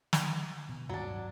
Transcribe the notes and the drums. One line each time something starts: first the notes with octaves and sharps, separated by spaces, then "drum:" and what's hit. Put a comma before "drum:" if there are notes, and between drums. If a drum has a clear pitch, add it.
drum: snare
B2
D1 G2 D#3 F#3 D4